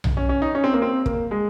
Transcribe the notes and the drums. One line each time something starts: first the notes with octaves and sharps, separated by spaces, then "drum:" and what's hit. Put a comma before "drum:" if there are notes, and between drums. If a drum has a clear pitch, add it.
drum: tom B1
C#4
C#4
D#4
C#4
C4
A#3
C4
A#3, drum: kick
G#3